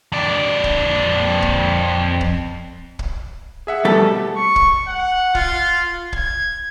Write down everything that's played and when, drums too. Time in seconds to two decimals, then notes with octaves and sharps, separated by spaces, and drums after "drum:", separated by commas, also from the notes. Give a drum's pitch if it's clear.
0.12 F2 D5
0.64 drum: kick
1.42 drum: kick
2.21 drum: kick
2.99 drum: kick
3.67 G#4 E5 F#5
3.85 B2 G3 A3 A4 B6
4.36 C#6
4.56 drum: kick
4.88 F#5
5.35 F4, drum: kick
6.13 G#6, drum: kick